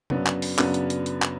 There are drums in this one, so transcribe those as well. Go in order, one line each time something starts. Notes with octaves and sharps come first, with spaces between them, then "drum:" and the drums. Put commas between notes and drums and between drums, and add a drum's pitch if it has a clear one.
F#2 C#3 F#3 B3 D4, drum: tom C3
drum: clap
drum: open hi-hat
F#2 C#3 F#3 B3 D4, drum: clap
drum: hi-hat
drum: hi-hat
drum: hi-hat
drum: clap